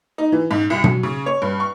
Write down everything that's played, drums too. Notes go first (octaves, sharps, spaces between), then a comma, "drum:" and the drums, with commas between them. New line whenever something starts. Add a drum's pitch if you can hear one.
D#4
E3
G#2
C2
F#3, drum: tom B2
C#3
C#5
G2
C#6